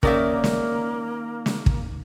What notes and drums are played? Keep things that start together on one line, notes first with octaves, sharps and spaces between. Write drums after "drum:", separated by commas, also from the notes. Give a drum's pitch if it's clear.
D#3 A#3 C#4 D#4 A#4 D5 E5, drum: kick
drum: snare
drum: snare
drum: kick